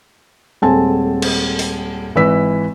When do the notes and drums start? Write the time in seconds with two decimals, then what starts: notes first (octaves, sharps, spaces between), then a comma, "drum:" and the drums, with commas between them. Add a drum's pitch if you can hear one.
0.62 D#1 G#3 C4 A4 G#5 A5
1.22 drum: cymbal
1.59 drum: open hi-hat
2.15 G#1 E3 E4 B4 E6 B6